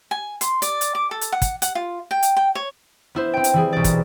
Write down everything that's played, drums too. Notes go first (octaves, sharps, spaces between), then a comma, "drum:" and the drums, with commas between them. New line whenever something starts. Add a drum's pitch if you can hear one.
G#5
C6, drum: hi-hat
D5, drum: hi-hat
drum: hi-hat
D6
A4
drum: hi-hat
F#5
drum: kick, hi-hat
F#5, drum: hi-hat
F4
G5
drum: hi-hat
G5
C#5
B3 E4 C5
C4 G5
drum: hi-hat
E3 G3 G#4
B1 D5
drum: kick, hi-hat